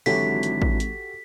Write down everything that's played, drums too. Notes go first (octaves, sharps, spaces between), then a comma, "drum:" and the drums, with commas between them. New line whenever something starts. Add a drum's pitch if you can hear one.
G#1 D3 E3 F#3 F#4 G4 A4 B6, drum: open hi-hat
drum: hi-hat
drum: kick
drum: hi-hat